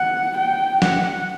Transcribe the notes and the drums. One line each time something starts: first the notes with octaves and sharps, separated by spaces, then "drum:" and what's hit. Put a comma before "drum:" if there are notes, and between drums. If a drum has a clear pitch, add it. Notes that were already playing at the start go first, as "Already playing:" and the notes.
Already playing: F#5
G5
F#5, drum: snare